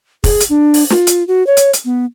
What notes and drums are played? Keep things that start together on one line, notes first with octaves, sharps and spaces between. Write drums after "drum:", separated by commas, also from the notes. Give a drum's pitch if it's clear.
G#4, drum: kick, open hi-hat
drum: hi-hat
D4
drum: open hi-hat
F4, drum: snare
drum: hi-hat
F#4
C#5
drum: hi-hat
drum: hi-hat
B3